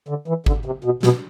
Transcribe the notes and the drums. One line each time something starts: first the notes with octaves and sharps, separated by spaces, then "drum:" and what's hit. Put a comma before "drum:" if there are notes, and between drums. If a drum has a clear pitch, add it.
D3
E3
D3, drum: kick G#1
C3
B2
B2, drum: snare